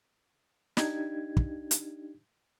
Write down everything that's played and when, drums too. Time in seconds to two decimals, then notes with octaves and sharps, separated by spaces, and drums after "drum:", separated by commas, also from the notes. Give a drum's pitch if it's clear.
0.77 D4 D#4 G4 G#6, drum: snare
1.37 drum: kick
1.71 drum: hi-hat